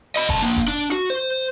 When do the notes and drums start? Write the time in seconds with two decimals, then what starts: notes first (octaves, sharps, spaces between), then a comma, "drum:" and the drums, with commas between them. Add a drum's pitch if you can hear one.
0.16 D#5 B5
0.29 C2 A5, drum: kick F1
0.42 A#3 D4
0.57 drum: kick F1
0.68 D4
0.92 F#4
1.10 C5